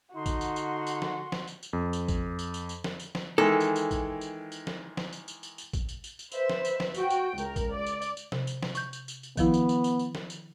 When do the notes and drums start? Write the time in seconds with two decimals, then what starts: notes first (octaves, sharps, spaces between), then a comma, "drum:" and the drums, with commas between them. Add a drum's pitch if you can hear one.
0.15 D3 D#4 F#4 C6
0.26 drum: kick A1, tambourine
0.41 drum: tambourine
0.56 drum: tambourine
0.87 drum: tambourine
1.02 drum: snare
1.32 drum: snare
1.47 drum: tambourine
1.63 drum: tambourine
1.73 F2
1.93 drum: tambourine
2.08 drum: kick A1, tambourine
2.39 drum: tambourine
2.54 drum: tambourine
2.69 drum: tambourine
2.84 drum: snare
3.00 drum: tambourine
3.15 drum: snare
3.38 D#3 E3 G#3 A4
3.60 drum: tambourine
3.76 drum: tambourine
3.91 drum: kick A1, tambourine
4.21 drum: tambourine
4.52 drum: tambourine
4.67 drum: snare
4.97 drum: snare
5.13 drum: tambourine
5.28 drum: tambourine
5.43 drum: tambourine
5.58 drum: tambourine
5.73 drum: kick A1, tambourine
5.89 drum: tambourine
6.04 drum: tambourine
6.19 drum: tambourine
6.32 B4 C5 E5, drum: tambourine
6.50 drum: snare
6.65 drum: tambourine
6.80 drum: snare
6.94 F#4 G5, drum: tambourine
7.10 drum: tambourine
7.38 C#2 A#4, drum: tambourine
7.56 drum: kick A1, tambourine
7.75 D5
7.86 drum: tambourine
8.02 drum: tambourine
8.17 drum: tambourine
8.32 C3, drum: snare
8.47 drum: tambourine
8.63 drum: snare
8.75 C#6 G6, drum: tambourine
8.93 drum: tambourine
9.08 drum: tambourine
9.23 drum: tambourine
9.37 D#3 F3 B3 E4, drum: kick A1, tambourine
9.54 drum: tambourine
9.69 drum: tambourine
9.84 drum: tambourine
9.99 drum: tambourine
10.15 drum: snare
10.30 drum: tambourine